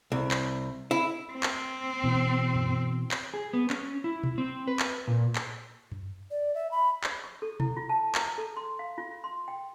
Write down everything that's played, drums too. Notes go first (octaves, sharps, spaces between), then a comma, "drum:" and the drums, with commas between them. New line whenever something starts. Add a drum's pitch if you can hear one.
C2
drum: clap
E4
C4
drum: clap
B2 E3
drum: tom F#2
drum: clap
G#4
B3
C#4, drum: clap
E4
drum: tom B2
C4
B4
drum: clap
A#2
drum: clap
drum: tom F#2
D5
E5
B5
drum: clap
C#6
A4
E4, drum: tom B2
F4
A5
A#5, drum: clap
A4
C6
F5
F4
C6
G5